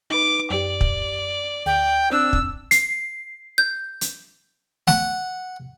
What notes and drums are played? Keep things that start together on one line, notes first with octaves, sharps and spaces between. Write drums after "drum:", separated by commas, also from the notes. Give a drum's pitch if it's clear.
D#4 B4 D6
F#2 G4 D5
drum: kick
D2 G5
C4 D4 E6
drum: kick
C7, drum: hi-hat
G6
drum: hi-hat
F#5, drum: snare